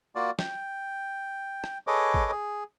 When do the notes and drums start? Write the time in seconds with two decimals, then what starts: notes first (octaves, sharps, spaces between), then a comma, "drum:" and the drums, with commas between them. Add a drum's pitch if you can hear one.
0.15 A#3 F4 F#4 D5
0.39 G5, drum: snare
1.64 drum: rim click
1.87 G#4 A4 B4 C#5 D#5 D6
2.14 drum: kick G#1
2.32 G#4